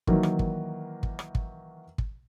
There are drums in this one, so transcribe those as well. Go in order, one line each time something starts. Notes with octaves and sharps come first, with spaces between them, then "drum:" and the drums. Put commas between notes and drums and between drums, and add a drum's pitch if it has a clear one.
D#3 E3 F#3 A#3, drum: kick
drum: rim click
drum: kick
drum: kick
drum: rim click
drum: kick
drum: kick